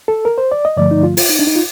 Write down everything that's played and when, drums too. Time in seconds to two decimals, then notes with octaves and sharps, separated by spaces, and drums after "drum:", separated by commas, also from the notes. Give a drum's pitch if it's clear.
0.08 A4
0.25 A#4
0.38 C5
0.52 D5
0.65 D#5
0.77 G2 D3 F3 A3 D5
0.91 D#4
1.03 F4
1.17 F4, drum: open hi-hat
1.29 D#4
1.39 D4
1.47 D#4
1.56 F4